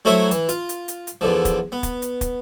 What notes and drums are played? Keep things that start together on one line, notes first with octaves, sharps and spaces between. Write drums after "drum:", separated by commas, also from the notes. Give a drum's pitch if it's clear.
F#3 A3 E4 C5 C#5 E5
E3, drum: hi-hat
F4, drum: hi-hat
drum: hi-hat
drum: hi-hat
drum: hi-hat
E2 D3 F3
drum: kick, hi-hat
B3
drum: kick, hi-hat
drum: hi-hat
drum: kick, hi-hat